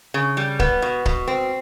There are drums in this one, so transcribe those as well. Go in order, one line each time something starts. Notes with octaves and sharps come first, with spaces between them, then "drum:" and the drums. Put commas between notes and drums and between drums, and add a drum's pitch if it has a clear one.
C#3
G3
B3, drum: kick C#1
B2
B2, drum: kick C#1
C4